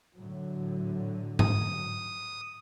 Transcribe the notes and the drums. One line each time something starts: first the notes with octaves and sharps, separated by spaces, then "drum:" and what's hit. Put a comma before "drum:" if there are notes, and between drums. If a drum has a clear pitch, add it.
A2 D3 F#3
D#6, drum: tom G#2